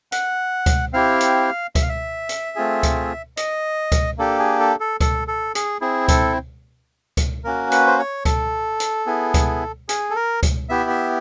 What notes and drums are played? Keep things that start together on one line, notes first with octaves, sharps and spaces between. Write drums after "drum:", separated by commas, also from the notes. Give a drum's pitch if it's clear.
F#5, drum: hi-hat
drum: kick C#2, hi-hat
C4 E4 G4 F5
drum: hi-hat
E5, drum: kick C#2, hi-hat
F5
E5
drum: hi-hat
A3 C4 F4 G#4
drum: kick C#2, hi-hat
D#5, drum: hi-hat
drum: kick C#2, hi-hat
A#3 D4 G4 A4
G#4
A4
A4
A4, drum: kick C#2, hi-hat
A4
G#4, drum: hi-hat
C4 E4 G#4
A4, drum: kick C#2, hi-hat
drum: kick C#2, hi-hat
A#3 C#4 F#4 A#4
B4, drum: hi-hat
C5
C#5
A4, drum: kick C#2, hi-hat
drum: hi-hat
B3 E4 G#4
drum: kick C#2, hi-hat
G#4, drum: hi-hat
A4
A#4
drum: kick C#2, hi-hat
B3 E4 G4 E5
E5